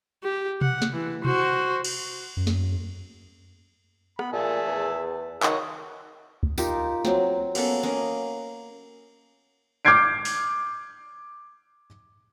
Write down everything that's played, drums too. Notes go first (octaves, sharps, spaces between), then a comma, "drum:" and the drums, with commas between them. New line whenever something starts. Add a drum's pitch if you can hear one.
G4
F#5, drum: tom B2
drum: snare
E3
F#4 C5, drum: tom B2
drum: cymbal
F#2
drum: snare
B3 B5, drum: rim click
A#2 G#4 E5 A5
E2
D#3 C#5 F#5 D#6, drum: clap
drum: kick C#2
D#4 F4 G4 A#4, drum: tambourine
F#3 C4, drum: snare
A#3 B3 C#4 A4, drum: cymbal
A#3 C#4 D#5
D6 F6 G6 G#6 C7 D7
drum: open hi-hat